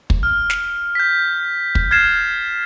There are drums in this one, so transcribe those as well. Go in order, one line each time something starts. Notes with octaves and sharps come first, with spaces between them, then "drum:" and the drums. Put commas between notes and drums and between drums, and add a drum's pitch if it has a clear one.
drum: kick
F6
drum: snare
G6 B6
drum: kick
F6 G#6 A6 C7 E7